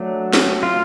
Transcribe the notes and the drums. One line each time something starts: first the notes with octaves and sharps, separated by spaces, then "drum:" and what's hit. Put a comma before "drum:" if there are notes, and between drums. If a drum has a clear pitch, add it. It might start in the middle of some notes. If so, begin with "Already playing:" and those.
Already playing: F#3 A3 D4
drum: snare
F4